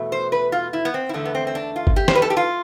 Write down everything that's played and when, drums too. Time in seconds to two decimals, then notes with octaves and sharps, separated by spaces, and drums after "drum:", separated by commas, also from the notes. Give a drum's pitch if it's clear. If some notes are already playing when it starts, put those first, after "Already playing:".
Already playing: E2 B2 A3
0.12 C5
0.32 B4
0.52 F4
0.73 E4
0.85 B3
0.94 C4
1.09 E4
1.13 E2 D3 A3 D4
1.25 B3
1.35 C4
1.47 C4
1.55 D4
1.76 F4
1.87 drum: kick G1
1.96 G4
2.08 C5, drum: snare
2.15 B4
2.22 A4
2.30 G4
2.37 F4